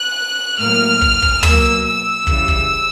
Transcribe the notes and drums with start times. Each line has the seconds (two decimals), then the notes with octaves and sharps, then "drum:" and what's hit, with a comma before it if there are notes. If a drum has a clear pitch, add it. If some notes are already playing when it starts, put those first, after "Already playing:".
Already playing: F#6
0.59 A2 F#3 A#3 F6
1.01 drum: kick
1.22 drum: kick
1.43 B2 F#3 A#3 E6, drum: tom
1.86 E6
2.27 C#3 E3 G3, drum: kick
2.48 drum: kick